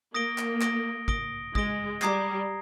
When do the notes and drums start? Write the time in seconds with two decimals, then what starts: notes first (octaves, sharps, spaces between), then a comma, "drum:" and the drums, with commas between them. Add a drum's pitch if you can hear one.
0.14 A#3 D#6 A#6 D7 G7
0.38 drum: clap
0.61 D#6 A#6 D7 G7, drum: clap
1.08 D#6 A#6 D7 G7, drum: kick
1.55 G#3 D#6 A#6 D7 G7, drum: kick
2.02 G3 A#5 D#6 G#6 C7, drum: clap